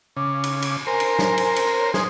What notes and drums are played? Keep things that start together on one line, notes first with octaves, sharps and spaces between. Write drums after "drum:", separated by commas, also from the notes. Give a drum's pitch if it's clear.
C#3 D6
drum: cymbal
drum: cymbal
A#4 C5 G#5
drum: cymbal
drum: snare
drum: cymbal
drum: cymbal
C#5
G#4 C5 D#6, drum: snare